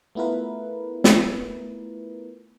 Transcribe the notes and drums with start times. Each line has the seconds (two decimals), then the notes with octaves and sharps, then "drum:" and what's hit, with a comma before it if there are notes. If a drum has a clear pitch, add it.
0.15 A3 B3 E4 F4 A#4 B4
1.04 drum: snare